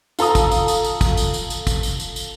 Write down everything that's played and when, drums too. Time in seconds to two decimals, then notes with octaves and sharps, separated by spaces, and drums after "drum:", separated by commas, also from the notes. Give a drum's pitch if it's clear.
0.19 F4 A4 A#5 D#6, drum: tambourine
0.35 drum: kick, tambourine
0.51 drum: tambourine
0.68 drum: tambourine
0.84 drum: tambourine
1.01 drum: kick, tambourine
1.17 drum: tambourine
1.34 drum: tambourine
1.50 drum: tambourine
1.67 drum: kick, tambourine
1.83 drum: tambourine
2.00 drum: tambourine
2.16 drum: tambourine